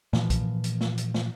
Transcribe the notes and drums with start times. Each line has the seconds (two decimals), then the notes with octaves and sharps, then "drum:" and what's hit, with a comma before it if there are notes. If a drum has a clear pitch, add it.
0.13 A#2 E3 F3, drum: snare
0.30 drum: kick, hi-hat
0.64 drum: hi-hat
0.81 drum: snare
0.98 drum: hi-hat
1.14 drum: snare